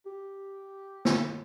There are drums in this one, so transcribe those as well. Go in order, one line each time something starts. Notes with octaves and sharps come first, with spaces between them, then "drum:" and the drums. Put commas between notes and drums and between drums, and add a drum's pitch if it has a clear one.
G4
drum: snare